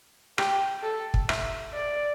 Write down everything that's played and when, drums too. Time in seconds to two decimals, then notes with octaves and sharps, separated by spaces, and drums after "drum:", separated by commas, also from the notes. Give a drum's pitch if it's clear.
0.38 G4, drum: rim click
0.83 A4
1.14 drum: kick
1.29 E5, drum: rim click
1.74 D5